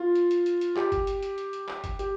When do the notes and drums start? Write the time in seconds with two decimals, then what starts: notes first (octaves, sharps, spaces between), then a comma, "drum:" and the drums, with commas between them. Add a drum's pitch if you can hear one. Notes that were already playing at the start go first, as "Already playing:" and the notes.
Already playing: F4
0.15 drum: hi-hat
0.31 drum: hi-hat
0.46 drum: hi-hat
0.61 drum: hi-hat
0.76 G4, drum: clap
0.92 drum: kick G1, hi-hat
1.07 drum: hi-hat
1.23 drum: hi-hat
1.38 drum: hi-hat
1.53 drum: hi-hat
1.68 drum: clap
1.84 drum: kick G1, hi-hat
1.99 G4, drum: hi-hat